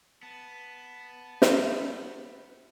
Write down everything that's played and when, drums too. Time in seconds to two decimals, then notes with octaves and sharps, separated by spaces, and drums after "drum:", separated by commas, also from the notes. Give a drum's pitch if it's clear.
0.23 B3 A5
1.42 drum: snare